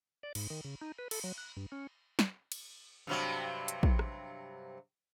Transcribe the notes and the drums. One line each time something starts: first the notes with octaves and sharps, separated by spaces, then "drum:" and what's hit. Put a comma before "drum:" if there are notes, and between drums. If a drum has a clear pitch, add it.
D5
G#2, drum: cymbal
D#3
C#3
D#4
B4
A4, drum: cymbal
F#3
F#6
G2
C#4
drum: snare
drum: cymbal
G2 C3 F#3
drum: hi-hat
drum: kick
drum: rim click